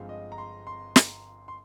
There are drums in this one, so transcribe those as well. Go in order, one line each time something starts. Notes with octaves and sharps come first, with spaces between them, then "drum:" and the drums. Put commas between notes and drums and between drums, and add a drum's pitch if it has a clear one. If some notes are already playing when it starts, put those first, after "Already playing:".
Already playing: G1 G2 F3 G#3 C4 F5
D#5
A#5
C6
C6
drum: snare
C6